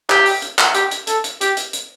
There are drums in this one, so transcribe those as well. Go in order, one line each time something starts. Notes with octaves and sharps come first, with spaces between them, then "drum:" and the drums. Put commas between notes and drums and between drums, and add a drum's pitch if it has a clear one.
G4, drum: clap
drum: open hi-hat
drum: hi-hat
drum: clap
G4, drum: hi-hat
drum: hi-hat
A4, drum: hi-hat
drum: hi-hat
G4, drum: hi-hat
drum: hi-hat
drum: hi-hat